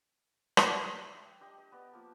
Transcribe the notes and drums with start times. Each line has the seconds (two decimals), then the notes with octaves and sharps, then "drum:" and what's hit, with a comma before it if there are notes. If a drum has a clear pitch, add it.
0.57 drum: rim click
1.12 E5 G5
1.41 D4 G4 D#5
1.58 D#5
1.72 B3 D5
1.92 F3 A#3 A5